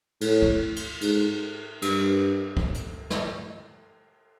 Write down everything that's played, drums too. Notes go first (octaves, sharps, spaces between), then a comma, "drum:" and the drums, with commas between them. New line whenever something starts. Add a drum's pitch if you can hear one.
A2, drum: cymbal
drum: kick
drum: cymbal
G#2, drum: cymbal
G2, drum: cymbal
drum: kick
drum: hi-hat
drum: snare